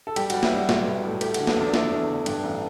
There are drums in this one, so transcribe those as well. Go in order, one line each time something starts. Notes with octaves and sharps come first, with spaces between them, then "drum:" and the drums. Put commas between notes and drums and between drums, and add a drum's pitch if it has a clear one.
A4
G3 G4, drum: cymbal
F#4, drum: cymbal
G3
E4, drum: snare
G3 F#4
B1, drum: snare
B1
A2
A3 G4, drum: cymbal
F#4, drum: cymbal
D3
E4, drum: snare
E2 D4
A3 E4, drum: snare
E2
D3
G2, drum: cymbal
A1